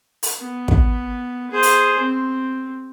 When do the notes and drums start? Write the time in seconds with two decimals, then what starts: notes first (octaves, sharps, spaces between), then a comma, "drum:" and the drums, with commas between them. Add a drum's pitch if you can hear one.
0.23 drum: open hi-hat
0.39 B3
0.68 drum: kick
1.51 G#4 C5
1.63 drum: open hi-hat
2.00 C4